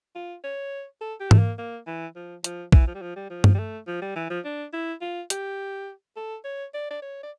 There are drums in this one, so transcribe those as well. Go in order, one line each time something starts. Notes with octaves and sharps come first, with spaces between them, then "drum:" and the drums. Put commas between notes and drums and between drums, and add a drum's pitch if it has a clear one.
F4
C#5
A4
G4
A3, drum: tom G#2
A#3
A#3
E3
F3
F3, drum: hi-hat
E3, drum: kick
F3
G3
F3
G3
F3
drum: tom G2
G3
A3
F3
G3
E3
F3
D4
E4
F4
G4, drum: hi-hat
A4
C#5
D5
D5
C#5
D5